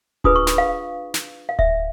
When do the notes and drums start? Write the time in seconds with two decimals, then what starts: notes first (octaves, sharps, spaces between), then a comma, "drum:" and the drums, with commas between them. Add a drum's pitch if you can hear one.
0.24 D4 F4 G#4 B4 D#6, drum: kick D1
0.36 C#6
0.47 B5, drum: snare
0.58 F5
1.14 drum: snare
1.49 F5
1.59 E5, drum: kick D1